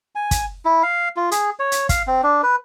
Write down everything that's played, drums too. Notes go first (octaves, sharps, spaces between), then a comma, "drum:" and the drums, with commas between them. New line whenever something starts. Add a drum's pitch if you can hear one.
G#5
drum: kick, hi-hat
E4
F5
F4
G#4, drum: hi-hat
C#5
drum: hi-hat
F5, drum: kick, hi-hat
C4
D4
B4